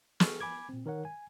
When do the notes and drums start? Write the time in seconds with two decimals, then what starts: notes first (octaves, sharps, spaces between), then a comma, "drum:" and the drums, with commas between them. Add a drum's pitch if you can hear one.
0.20 G#4 A4 C#6 F6, drum: snare
0.41 G#5 B5 D6 G#6
0.69 A#2 C4
0.86 D#3 A#4 C#5 F#5
1.05 G#5